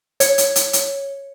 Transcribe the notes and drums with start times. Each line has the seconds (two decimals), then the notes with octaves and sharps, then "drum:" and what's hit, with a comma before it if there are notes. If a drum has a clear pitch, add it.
0.20 C#5, drum: hi-hat
0.38 drum: hi-hat
0.56 drum: hi-hat
0.73 drum: hi-hat